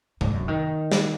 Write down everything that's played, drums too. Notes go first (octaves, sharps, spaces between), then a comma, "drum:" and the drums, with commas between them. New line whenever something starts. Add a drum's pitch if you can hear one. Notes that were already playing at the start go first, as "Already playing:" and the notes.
G#2, drum: tom C3
F#2
D3
D#3
drum: snare